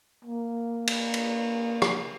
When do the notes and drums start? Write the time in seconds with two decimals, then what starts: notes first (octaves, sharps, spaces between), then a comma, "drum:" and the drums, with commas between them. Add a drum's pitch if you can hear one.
0.25 A#3
0.87 drum: cymbal
1.14 drum: cymbal
1.82 drum: rim click